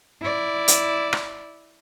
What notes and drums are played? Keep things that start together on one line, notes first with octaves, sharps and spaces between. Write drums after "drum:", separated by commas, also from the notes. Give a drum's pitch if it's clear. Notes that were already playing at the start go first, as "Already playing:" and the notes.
E4 D5
drum: hi-hat
drum: rim click